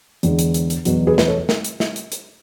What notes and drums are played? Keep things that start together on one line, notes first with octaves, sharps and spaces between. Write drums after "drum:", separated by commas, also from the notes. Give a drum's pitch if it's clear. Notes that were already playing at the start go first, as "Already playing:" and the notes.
E2 D3 G#3 B3, drum: hi-hat
drum: hi-hat
drum: hi-hat
drum: hi-hat
E2 B2 F#3 B3 F#4, drum: hi-hat
G#4 B4
B4, drum: snare
A4 C#5
drum: snare
drum: hi-hat
drum: snare
drum: hi-hat
drum: hi-hat